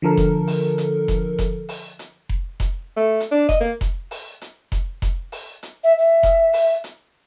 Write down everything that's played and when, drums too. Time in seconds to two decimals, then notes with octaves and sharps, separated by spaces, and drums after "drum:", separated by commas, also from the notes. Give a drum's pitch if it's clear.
0.02 D3 F3 A4 A#4
0.17 drum: kick F1, hi-hat
0.48 drum: open hi-hat
0.78 drum: hi-hat
1.08 drum: kick F1, hi-hat
1.39 drum: kick F1, hi-hat
1.69 drum: open hi-hat
1.99 drum: hi-hat
2.29 drum: kick F1
2.60 drum: kick F1, hi-hat
2.97 A3
3.20 drum: hi-hat
3.32 D4
3.49 D#5, drum: kick F1, hi-hat
3.61 A#3
3.81 drum: kick F1, hi-hat
4.11 drum: open hi-hat
4.41 drum: hi-hat
4.72 drum: kick F1, hi-hat
5.02 drum: kick F1, hi-hat
5.32 drum: open hi-hat
5.63 drum: hi-hat
5.84 E5
5.99 E5
6.23 drum: kick F1, hi-hat
6.54 drum: open hi-hat
6.84 drum: hi-hat